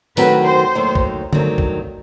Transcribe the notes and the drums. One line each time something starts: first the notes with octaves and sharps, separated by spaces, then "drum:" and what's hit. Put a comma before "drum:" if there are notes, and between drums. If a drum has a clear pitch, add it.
D#3 F#3 A3 C4 F#4 B4, drum: open hi-hat
C5
D#2 D#3 F#3 A3
drum: kick
G2 D#3 F#3 A3 C4, drum: tom D3
drum: kick